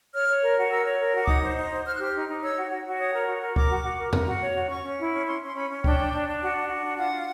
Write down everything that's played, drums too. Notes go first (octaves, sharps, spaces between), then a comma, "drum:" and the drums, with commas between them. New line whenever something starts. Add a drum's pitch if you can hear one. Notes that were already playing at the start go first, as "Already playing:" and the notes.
C#5 F6
C#5
A#4
F#4
A#4 E6
C#5
A#4
F#4
D6
D#4 D#6, drum: kick C#2
C5
D#4
C5
C5 F6
F#6
G4 F6
D#4
D#4
C#5 E6
F#4
F#4
F#4
C#5 D#6
A#4
F#4
A#4
A#4 D6, drum: kick C#2
F#4
F#4
A#4
A#4, drum: tom E2
F#4
C#5
F#4
C#4 C#6
C#4
E4
C#4
C#4 C6
C#4 C6
C#4 B5
C#4
D4 G5, drum: kick C#2
D4
D4
D4
F#4
D4
F#4
D4
F4 F#5
F4